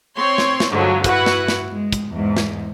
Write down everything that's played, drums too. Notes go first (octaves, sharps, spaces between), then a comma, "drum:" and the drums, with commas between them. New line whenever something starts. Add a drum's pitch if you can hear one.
C4 C#5 C6
drum: snare
drum: snare
G2 D3 F3 F#3 G#3
E4 F#4 B4 F#5, drum: kick, hi-hat
drum: snare
drum: snare
G#3
drum: kick, hi-hat
E2 G#2
drum: snare